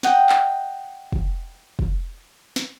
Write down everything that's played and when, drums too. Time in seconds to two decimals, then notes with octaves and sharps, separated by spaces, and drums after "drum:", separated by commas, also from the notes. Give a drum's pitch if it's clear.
0.03 D#5 F#5 G5, drum: snare
0.29 drum: clap
1.12 drum: kick
1.79 drum: kick
2.56 drum: snare